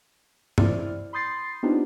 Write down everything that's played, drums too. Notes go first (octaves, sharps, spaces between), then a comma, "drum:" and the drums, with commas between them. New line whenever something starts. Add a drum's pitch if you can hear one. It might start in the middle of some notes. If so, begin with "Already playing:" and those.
C4 E4 D5 F6, drum: tom G2
B5 C6 D#6 G6 A6 C7
B3 C4 D4 D#4 F4 G4